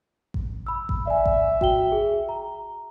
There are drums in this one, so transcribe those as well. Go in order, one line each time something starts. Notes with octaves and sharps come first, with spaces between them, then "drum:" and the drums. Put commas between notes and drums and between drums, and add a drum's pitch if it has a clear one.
drum: kick A1
B5 E6
drum: kick A1
D5 E5 G#5
drum: kick A1
F#4 G5 G7, drum: kick A1
G#4
A#5